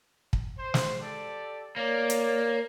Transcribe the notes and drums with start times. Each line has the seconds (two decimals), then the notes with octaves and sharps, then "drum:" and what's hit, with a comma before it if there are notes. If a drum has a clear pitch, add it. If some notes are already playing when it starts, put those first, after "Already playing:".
0.33 drum: kick
0.58 C5
0.74 drum: snare
0.99 G4 A4 D5
1.76 A#3 C#5 D5
2.10 drum: hi-hat